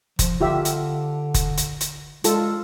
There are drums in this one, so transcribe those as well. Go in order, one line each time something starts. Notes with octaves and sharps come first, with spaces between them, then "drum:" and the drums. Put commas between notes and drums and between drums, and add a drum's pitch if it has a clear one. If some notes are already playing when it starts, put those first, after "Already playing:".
F3, drum: kick F1, hi-hat
D3 F4 G4 E5
drum: hi-hat
drum: kick F1, hi-hat
drum: hi-hat
drum: hi-hat
G#3 F4 A4, drum: hi-hat